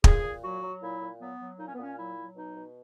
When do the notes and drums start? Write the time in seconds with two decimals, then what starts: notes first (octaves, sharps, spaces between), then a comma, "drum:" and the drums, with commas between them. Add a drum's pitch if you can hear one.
0.04 A#2 G#4, drum: kick
0.23 A#2
0.43 F#3 F#4
0.62 F#3
0.81 A#2 E4
1.00 A#2
1.19 F#3 B3
1.39 F#3
1.58 A#2 D#4
1.66 C#4
1.74 B3
1.78 A#2 C#4
1.97 F#3 E4
2.16 F#3
2.35 B2 D#4
2.55 B2